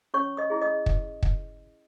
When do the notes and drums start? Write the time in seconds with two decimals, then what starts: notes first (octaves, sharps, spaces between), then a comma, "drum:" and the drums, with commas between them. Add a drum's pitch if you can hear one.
0.14 C#4 C#5 C#6
0.37 D#5 D#6
0.50 E4 G#4
0.62 D#5 D#6
0.86 drum: kick
1.23 drum: kick